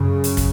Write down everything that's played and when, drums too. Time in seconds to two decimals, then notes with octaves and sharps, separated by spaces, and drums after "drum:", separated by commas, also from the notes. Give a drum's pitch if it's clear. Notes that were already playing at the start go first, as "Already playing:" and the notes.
Already playing: F#2 C#3
0.24 drum: hi-hat
0.37 drum: kick, hi-hat